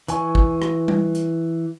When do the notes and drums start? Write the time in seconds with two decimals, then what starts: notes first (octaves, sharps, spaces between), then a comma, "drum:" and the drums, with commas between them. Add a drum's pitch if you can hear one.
0.08 E3 G#5 C#6, drum: hi-hat
0.35 drum: kick
0.62 drum: rim click
0.88 drum: tom G3
1.15 drum: hi-hat